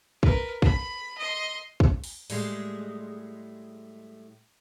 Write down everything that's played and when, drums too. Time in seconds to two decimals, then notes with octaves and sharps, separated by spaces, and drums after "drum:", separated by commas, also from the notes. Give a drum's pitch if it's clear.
0.23 A#4 B4, drum: kick
0.62 B5, drum: kick
1.18 D#5 C6
1.80 drum: kick
2.04 drum: open hi-hat
2.30 A2 G3 G#3, drum: open hi-hat